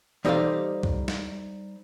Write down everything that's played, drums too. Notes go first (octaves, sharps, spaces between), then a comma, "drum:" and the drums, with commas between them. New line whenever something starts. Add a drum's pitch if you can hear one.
G3 D#4 G4 A4 C5 F5, drum: tom E3
drum: kick C2
drum: snare